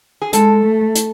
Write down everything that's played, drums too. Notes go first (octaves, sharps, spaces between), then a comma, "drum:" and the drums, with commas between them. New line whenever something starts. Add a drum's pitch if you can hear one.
G#4
G#3 A4, drum: hi-hat
A3
drum: hi-hat